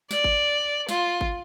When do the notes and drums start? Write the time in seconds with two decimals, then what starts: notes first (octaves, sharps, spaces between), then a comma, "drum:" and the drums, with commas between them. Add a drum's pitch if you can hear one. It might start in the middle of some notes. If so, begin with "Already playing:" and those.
0.11 D5, drum: snare
0.24 drum: kick G1
0.89 F4, drum: snare
1.21 drum: kick G1